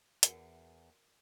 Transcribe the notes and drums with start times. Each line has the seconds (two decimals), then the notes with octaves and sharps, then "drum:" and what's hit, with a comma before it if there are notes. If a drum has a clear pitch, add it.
0.23 E2 F#4 A#4 F#5, drum: hi-hat